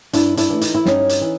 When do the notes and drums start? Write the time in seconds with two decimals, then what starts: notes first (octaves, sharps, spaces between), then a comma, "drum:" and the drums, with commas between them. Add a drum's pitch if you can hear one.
0.13 G2 D4 E4, drum: hi-hat
0.37 D4 E4, drum: hi-hat
0.50 E3 A3
0.61 D#4, drum: hi-hat
0.75 E4
0.85 G2 C#4 D#4, drum: snare
1.09 drum: hi-hat
1.21 E3